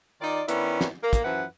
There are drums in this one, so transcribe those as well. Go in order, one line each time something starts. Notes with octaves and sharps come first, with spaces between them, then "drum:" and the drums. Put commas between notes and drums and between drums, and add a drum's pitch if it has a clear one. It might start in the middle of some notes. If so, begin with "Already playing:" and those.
D#3 D#4 F4 D5
D#3 B3 C#4 D4 E4, drum: hi-hat
drum: snare
A#3
drum: kick, hi-hat
F#2 E3 F3 E4 B4 F#5